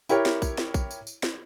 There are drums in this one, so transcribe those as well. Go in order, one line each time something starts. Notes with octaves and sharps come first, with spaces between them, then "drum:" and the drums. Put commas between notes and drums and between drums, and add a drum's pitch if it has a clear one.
E4 G4 A#4 C#5, drum: tambourine
drum: snare
drum: kick A#1, tambourine
drum: snare
drum: kick A#1, tambourine
drum: tambourine
drum: tambourine
drum: snare